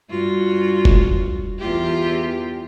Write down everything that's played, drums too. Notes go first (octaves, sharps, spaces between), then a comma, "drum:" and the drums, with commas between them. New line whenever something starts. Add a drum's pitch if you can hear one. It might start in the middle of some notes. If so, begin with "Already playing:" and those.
G2 F4 F#4
drum: kick
E2 F4 G4